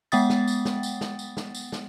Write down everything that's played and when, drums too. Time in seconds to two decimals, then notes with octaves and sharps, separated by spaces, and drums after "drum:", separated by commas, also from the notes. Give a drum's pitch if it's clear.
0.12 G#3 B3 F#5 G5 D#6 A6, drum: tambourine
0.30 drum: snare
0.47 drum: tambourine
0.65 drum: snare
0.83 drum: tambourine
1.01 drum: snare
1.19 drum: tambourine
1.37 drum: snare
1.55 drum: tambourine
1.72 drum: snare